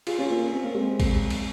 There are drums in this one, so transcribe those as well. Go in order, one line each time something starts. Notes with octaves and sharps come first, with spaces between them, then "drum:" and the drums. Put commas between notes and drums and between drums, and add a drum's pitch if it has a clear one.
F4 G#4, drum: cymbal
C#4 F4
A#3 C#4
C#4
C4
A#3
G#3 C4
drum: kick A1, cymbal
drum: cymbal